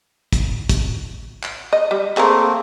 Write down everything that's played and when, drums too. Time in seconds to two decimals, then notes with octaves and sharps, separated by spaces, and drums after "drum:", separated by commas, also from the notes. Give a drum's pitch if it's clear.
0.33 drum: kick, hi-hat
0.69 drum: kick, hi-hat
1.43 drum: clap
1.73 D#5
1.91 G3
2.17 A3 A#3 C4 G#4 A#4, drum: clap